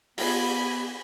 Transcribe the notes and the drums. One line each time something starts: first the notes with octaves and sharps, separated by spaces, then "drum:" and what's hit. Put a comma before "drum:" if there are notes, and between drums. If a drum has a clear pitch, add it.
B3 F4 G4 G#4 C5 G#5 B5, drum: open hi-hat